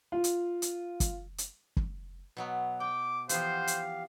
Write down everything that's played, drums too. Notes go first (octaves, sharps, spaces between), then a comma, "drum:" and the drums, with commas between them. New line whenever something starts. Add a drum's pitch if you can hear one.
F4
drum: hi-hat
drum: hi-hat
drum: kick, hi-hat
drum: hi-hat
drum: kick
B2 F#3 B3
G5 D6
E3 F3 B3 G4 C5 F5, drum: hi-hat
drum: hi-hat